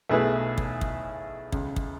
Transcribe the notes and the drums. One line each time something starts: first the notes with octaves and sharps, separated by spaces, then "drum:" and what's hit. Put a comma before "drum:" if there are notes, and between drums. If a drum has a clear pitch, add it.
B1 B2 A3 E4 G#4 B4
drum: kick
drum: kick
C#2 C#3, drum: kick
drum: kick